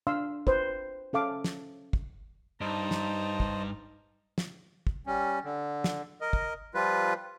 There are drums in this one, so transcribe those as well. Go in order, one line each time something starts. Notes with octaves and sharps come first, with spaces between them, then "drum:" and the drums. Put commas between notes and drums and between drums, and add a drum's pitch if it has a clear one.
D4 F5 C6 E6
B4 C5, drum: kick
C#4 A4 F5 D6
drum: snare
drum: kick
G2 D#4 C5 D#5 A5 A#5
drum: snare
drum: kick
drum: snare
drum: kick
G3 C#4
D3
drum: snare
A#4 D#5
drum: kick
F3 G3 F4 B4